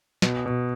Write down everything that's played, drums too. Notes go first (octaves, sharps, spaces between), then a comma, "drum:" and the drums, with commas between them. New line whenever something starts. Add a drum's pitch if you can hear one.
B2, drum: snare
B2